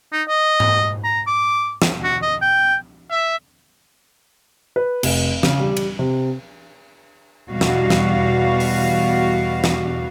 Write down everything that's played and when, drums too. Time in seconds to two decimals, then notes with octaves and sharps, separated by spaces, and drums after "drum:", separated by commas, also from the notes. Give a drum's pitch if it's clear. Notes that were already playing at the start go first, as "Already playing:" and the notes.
0.12 D#4
0.28 D#5
0.60 drum: tom G#2
1.04 A#5
1.27 D6
1.82 drum: snare
2.04 F#4
2.22 D#5
2.42 G5
3.11 E5
4.76 B4
5.03 F1, drum: cymbal
5.43 C#3, drum: snare
5.60 G3
5.77 drum: cymbal
5.99 C3
7.50 E2 B2 G3 F#4 F5
7.61 drum: snare
7.90 drum: snare
8.60 drum: open hi-hat
9.64 drum: snare